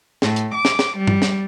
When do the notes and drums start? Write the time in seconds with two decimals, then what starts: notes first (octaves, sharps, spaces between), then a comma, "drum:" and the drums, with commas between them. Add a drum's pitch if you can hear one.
0.22 A2, drum: snare
0.36 drum: hi-hat
0.54 D6
0.65 drum: snare
0.79 drum: snare
0.97 G3
1.07 drum: tom G2
1.22 drum: snare